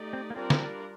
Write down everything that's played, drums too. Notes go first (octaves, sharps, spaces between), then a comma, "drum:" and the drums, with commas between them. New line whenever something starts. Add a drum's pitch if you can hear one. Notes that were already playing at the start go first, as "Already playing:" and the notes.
Already playing: A3 D#4 G4 D5
C4
A#3
G3 C4 D4 F4 A#4 D5
drum: snare